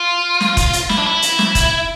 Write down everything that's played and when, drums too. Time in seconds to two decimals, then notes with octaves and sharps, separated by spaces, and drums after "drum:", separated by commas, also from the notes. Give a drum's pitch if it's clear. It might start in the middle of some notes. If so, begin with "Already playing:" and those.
Already playing: F4
0.40 drum: snare
0.57 drum: kick E1, hi-hat
0.73 drum: hi-hat
0.89 E4, drum: snare
0.98 D4
1.06 E4
1.22 drum: hi-hat
1.39 drum: snare
1.55 drum: kick E1, hi-hat